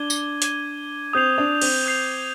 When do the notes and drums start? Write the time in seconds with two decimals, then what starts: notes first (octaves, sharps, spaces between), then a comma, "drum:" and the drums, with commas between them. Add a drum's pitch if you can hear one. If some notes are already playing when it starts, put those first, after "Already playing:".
Already playing: D4 D6 G#6 D#7 G7
0.10 drum: tambourine
0.42 D6 G#6 D#7 G7, drum: hi-hat
1.13 C4 D#6 G6 C7 F7
1.38 D4
1.62 C4, drum: cymbal
1.86 D#6 G6 C7 F7